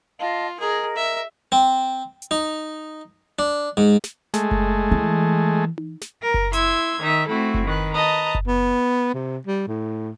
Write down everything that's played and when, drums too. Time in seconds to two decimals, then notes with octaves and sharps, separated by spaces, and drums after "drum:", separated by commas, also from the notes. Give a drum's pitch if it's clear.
0.19 F4 D#5 F5 A5
0.60 G#4 A#4 D#5
0.96 E5
1.52 C4
2.22 drum: hi-hat
2.31 D#4
3.39 D4
3.77 G#2
4.04 drum: snare
4.34 G#3 A3, drum: snare
4.51 drum: kick F#1
4.91 E3
5.78 drum: tom D#4
6.01 drum: snare
6.22 A#4
6.34 drum: kick F#1
6.53 E4 C6 E6 G#6, drum: hi-hat
7.00 D#3 D#4 E5
7.28 A3 C4 E4 F#4 A4
7.54 drum: kick F#1
7.65 D#3 B4 F#6
7.94 B4 D#5 A5 A#5
8.35 drum: kick F#1
8.47 B3
9.14 C3
9.47 G3
9.67 A2